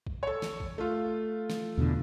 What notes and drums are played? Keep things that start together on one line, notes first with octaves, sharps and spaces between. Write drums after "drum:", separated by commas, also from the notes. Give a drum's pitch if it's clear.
drum: kick
A4 C#5
drum: snare
drum: kick
A3 F4
drum: snare
E2 B2 D3